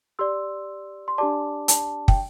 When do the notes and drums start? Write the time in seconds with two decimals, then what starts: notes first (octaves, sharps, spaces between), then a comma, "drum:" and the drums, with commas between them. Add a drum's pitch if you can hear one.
0.19 G4 D5 C6 E6
1.08 C6
1.18 D4 G4 D5 A5 D6
1.68 A5, drum: hi-hat
2.08 G5, drum: kick